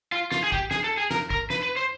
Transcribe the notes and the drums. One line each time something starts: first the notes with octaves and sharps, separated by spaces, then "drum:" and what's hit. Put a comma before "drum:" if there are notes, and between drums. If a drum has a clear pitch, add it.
F4
F4, drum: snare
G#4
G4, drum: kick
G#4, drum: snare
A4
G#4
A#4, drum: snare
A#4, drum: kick
B4, drum: snare
B4
C5